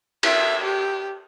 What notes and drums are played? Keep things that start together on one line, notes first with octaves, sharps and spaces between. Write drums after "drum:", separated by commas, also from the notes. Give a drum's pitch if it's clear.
E5, drum: cymbal
G4